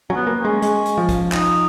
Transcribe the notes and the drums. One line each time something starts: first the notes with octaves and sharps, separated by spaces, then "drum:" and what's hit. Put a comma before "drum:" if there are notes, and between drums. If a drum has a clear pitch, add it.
F#3 C#4
B3
A#3
C#4
G#3
G#3, drum: hi-hat
drum: hi-hat
F3
drum: kick, hi-hat
D#4, drum: clap